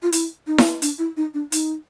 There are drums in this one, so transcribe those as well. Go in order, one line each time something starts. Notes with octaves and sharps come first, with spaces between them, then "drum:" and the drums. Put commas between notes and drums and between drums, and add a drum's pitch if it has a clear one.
F4
E4, drum: hi-hat
D#4
drum: snare E4
D4, drum: hi-hat
E4
D#4
D4
D#4, drum: hi-hat